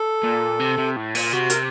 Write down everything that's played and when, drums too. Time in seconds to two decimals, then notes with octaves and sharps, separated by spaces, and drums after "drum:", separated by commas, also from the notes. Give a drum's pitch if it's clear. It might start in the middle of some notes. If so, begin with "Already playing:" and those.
Already playing: A4
0.24 A#2
0.60 C3
0.78 C3
0.97 A2
1.15 A#2, drum: open hi-hat
1.33 C3 F#4
1.50 A#4, drum: hi-hat